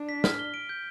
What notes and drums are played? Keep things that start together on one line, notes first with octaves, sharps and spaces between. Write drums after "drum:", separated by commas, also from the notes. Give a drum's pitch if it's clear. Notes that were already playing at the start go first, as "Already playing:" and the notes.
Already playing: D4
B6
F6, drum: snare
G7
D7
G6